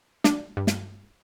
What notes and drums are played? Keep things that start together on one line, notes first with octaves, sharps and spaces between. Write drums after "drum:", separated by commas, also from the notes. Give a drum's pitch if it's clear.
D4, drum: snare
G2
drum: snare